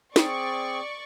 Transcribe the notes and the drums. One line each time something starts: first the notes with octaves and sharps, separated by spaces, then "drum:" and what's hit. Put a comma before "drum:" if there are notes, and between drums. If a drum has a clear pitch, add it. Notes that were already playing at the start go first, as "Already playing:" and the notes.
C4 G#4 D5 C#6, drum: snare